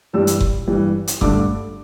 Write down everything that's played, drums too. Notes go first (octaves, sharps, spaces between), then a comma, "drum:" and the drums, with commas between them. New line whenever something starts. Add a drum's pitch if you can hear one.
G2 E3 G3 E6
drum: hi-hat
drum: kick F#1
G2 E3 G3
drum: hi-hat
G2 D3 A3 D6, drum: kick F#1